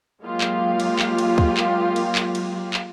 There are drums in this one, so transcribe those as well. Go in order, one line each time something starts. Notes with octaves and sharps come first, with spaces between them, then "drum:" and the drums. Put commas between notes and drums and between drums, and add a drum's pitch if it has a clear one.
F#3 G#3 A#3 F4 G4 F5
drum: clap
drum: cymbal
drum: clap
drum: cymbal
drum: kick
drum: clap
drum: cymbal
drum: clap
drum: cymbal
drum: clap